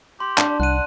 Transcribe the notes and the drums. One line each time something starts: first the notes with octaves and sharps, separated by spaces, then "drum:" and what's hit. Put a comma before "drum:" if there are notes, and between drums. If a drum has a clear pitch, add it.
G4 C6
D4 A5, drum: clap
C2 F#5 F#6 D#7